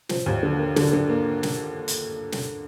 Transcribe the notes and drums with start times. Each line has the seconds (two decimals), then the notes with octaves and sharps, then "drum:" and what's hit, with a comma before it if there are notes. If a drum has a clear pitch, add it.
0.09 F3, drum: snare
0.26 D#2
0.43 D3
0.59 A#3
0.76 D3, drum: snare
0.93 D3
1.09 A#3
1.43 drum: snare
1.88 drum: hi-hat
2.32 drum: snare